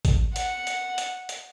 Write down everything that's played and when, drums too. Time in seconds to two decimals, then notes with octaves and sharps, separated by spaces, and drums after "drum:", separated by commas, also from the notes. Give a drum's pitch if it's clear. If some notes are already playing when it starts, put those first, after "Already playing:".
0.05 drum: kick A1, hi-hat
0.36 F#5, drum: hi-hat
0.67 drum: hi-hat
0.98 drum: hi-hat
1.29 drum: hi-hat